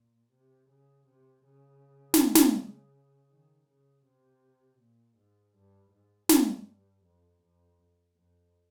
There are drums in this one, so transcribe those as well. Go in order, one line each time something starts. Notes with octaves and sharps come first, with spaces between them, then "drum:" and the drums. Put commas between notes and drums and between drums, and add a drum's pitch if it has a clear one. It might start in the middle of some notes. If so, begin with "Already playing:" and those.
Already playing: A#2
C3
C#3
C3
C#3
drum: snare
drum: snare
D#3
C#3
C3
A#2
G#2
G2
G#2
G2, drum: snare
F2
F2
F2